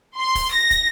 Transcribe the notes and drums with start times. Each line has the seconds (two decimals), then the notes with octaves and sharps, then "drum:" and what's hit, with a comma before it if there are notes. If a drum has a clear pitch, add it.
0.18 C6
0.35 drum: kick, open hi-hat
0.53 A#6
0.71 drum: kick, hi-hat